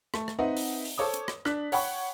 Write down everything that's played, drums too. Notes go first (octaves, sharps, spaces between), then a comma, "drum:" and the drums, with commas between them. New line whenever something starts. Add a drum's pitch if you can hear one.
A3, drum: rim click
drum: rim click
C4 D#4 B4 D#5 E5 F#5
drum: open hi-hat
drum: open hi-hat
A4 C5 C#5 D6 D#6
drum: hi-hat
drum: rim click
D4 F#6 B6, drum: rim click
C#5 F#5 G5 B5 C#6, drum: open hi-hat